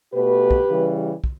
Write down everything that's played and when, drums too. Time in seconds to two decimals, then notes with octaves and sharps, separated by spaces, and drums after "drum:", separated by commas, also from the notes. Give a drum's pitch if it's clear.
0.13 B2 A3 G4 B4
0.51 drum: kick
0.69 C#3 E3 G3
1.24 drum: kick